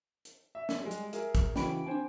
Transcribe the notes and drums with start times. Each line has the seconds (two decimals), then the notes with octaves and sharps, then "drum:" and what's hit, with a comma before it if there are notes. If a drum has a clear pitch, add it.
0.25 drum: hi-hat
0.55 E5
0.69 drum: snare
0.81 G3 G#3
0.91 drum: hi-hat
1.13 G#4 A#4 E5, drum: hi-hat
1.35 drum: kick, hi-hat
1.56 C#3 E3 F#4 G5 B5 D7, drum: snare
1.87 C4 D4 C5 G#5